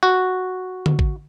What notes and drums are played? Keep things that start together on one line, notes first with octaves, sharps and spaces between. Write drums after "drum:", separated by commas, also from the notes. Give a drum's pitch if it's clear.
F#4
drum: tom D3
drum: kick A1